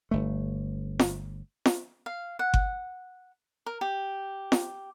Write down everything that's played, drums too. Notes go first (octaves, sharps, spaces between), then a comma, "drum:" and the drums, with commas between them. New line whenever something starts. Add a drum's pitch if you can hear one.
G1 A3
drum: snare F4
drum: snare F4
F5
F#5
drum: kick G1
A#4
G4
drum: snare F4